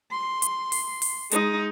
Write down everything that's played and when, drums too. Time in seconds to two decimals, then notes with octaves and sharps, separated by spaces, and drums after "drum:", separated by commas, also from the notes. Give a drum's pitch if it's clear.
0.11 C6
0.42 drum: hi-hat
0.72 drum: open hi-hat
1.02 drum: open hi-hat
1.31 G#3 D#4, drum: hi-hat